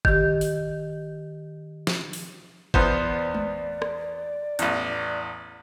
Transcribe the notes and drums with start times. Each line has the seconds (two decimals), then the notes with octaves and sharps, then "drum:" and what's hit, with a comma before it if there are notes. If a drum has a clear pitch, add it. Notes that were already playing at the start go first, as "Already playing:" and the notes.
0.05 D#3 G4, drum: kick G1
0.41 drum: open hi-hat
1.87 drum: snare
2.13 drum: open hi-hat
2.74 E2 B3 C5 D5, drum: kick G1
3.35 drum: tom G#3
3.82 drum: rim click
4.59 A1 E2, drum: hi-hat